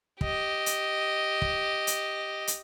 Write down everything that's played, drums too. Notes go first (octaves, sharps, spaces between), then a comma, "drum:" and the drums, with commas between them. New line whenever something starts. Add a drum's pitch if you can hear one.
G4 D#5, drum: kick
drum: hi-hat
drum: kick
drum: hi-hat
drum: hi-hat